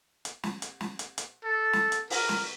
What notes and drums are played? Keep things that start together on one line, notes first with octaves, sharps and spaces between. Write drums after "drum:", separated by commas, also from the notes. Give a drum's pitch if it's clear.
drum: hi-hat
drum: snare
drum: hi-hat
drum: snare
drum: hi-hat
drum: hi-hat
A4
drum: snare
drum: hi-hat
A#4, drum: open hi-hat
drum: snare